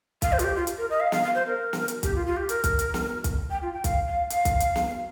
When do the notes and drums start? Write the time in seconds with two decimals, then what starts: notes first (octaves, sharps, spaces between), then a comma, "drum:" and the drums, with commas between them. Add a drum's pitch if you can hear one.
0.22 F5, drum: kick, hi-hat
0.33 C5
0.39 F4, drum: hi-hat
0.44 G4
0.56 F4
0.67 drum: hi-hat
0.78 A#4
0.90 D#5
1.00 F5
1.12 F5, drum: snare
1.23 F5
1.35 C5
1.46 A#4
1.73 drum: snare
1.88 drum: hi-hat
2.03 G4, drum: kick, hi-hat
2.15 F4
2.26 F4
2.37 G4
2.49 A#4, drum: hi-hat
2.64 drum: kick, hi-hat
2.79 drum: hi-hat
2.94 drum: snare
3.24 drum: kick, hi-hat
3.50 G5
3.62 F4
3.73 G5
3.84 F5, drum: kick, hi-hat
4.07 F5
4.30 F5, drum: hi-hat
4.45 drum: kick, hi-hat
4.60 drum: hi-hat
4.76 drum: snare